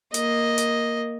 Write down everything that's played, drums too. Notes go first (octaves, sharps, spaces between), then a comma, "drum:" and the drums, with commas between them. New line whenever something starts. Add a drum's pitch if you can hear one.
A#3 D#5, drum: hi-hat
drum: hi-hat